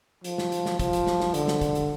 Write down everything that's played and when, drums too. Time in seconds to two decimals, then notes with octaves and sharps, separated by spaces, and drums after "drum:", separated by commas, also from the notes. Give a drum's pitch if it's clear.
0.24 F3, drum: hi-hat
0.38 drum: snare
0.52 drum: hi-hat
0.66 drum: snare
0.79 F3, drum: kick, hi-hat
0.93 drum: hi-hat
1.07 drum: snare
1.20 drum: snare
1.34 D3, drum: hi-hat
1.48 drum: snare
1.61 drum: kick, hi-hat
1.75 drum: hi-hat